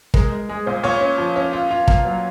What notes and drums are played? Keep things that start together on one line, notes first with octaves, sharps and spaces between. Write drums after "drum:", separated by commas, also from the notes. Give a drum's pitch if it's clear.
G#3 A#4, drum: kick
G#3
G#3 G#4
A#2 C5
A#2 C#5
C#4
F3
C#4
F4
F4
A#3, drum: kick
F#3